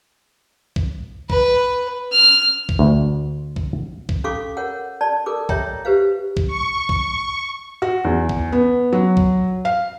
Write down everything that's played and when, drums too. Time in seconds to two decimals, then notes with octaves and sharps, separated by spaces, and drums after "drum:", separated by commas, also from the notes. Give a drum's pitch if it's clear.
0.76 drum: kick B1
1.30 B4, drum: kick B1
2.12 F6
2.69 drum: kick B1
2.79 D2
3.56 drum: kick B1
4.09 drum: kick B1
4.24 C#4 A4 F5 C#6 D6
4.57 A#4 C#5 F#5
5.01 D5 A5
5.26 A4 A#4 D6
5.49 C#5 D#5 E5 G5 A#5, drum: kick B1
5.85 G4 B4 C5 F5
6.37 drum: kick B1
6.48 C#6
6.89 drum: kick B1
7.82 F#4
8.04 E2
8.29 drum: kick B1
8.52 B3
8.93 F#3
9.17 drum: kick B1
9.65 F5